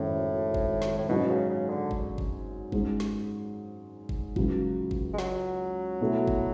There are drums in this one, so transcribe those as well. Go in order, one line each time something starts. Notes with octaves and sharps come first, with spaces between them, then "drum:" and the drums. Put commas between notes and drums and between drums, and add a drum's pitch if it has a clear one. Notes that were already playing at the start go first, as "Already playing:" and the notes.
Already playing: G#1 F#2 A2 C#3
drum: kick G1
drum: snare
A2
G#2 B2 F#3 C#4
C#3
C#3
D3
drum: kick G1
drum: kick G1
G#2 G#3 C#4, drum: kick G1
drum: snare
drum: kick G1
C#2 C#3 F#3, drum: kick G1
drum: kick G1
G#3
F#3, drum: snare
B2 A3 E4
drum: kick G1